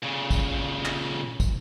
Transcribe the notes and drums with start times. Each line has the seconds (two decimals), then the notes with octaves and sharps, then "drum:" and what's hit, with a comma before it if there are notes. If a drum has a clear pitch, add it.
0.03 A#2 C#3
0.31 drum: kick, tambourine
0.85 drum: clap
1.40 drum: kick, tambourine